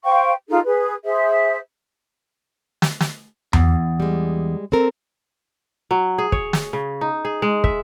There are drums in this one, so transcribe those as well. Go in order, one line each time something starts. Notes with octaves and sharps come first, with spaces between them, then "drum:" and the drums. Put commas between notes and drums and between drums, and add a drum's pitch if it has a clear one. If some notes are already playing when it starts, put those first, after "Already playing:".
C5 F5 G5 C#6
D#4 F4 G#4 A4
G#4 B4
G#4 C5 E5
drum: snare
drum: snare
E2, drum: tom E2
G3 G#3
C4 A4 A#4
F#3
G#4
C#5, drum: kick
drum: snare
C#3
D#4
G#4
G#3
E5, drum: kick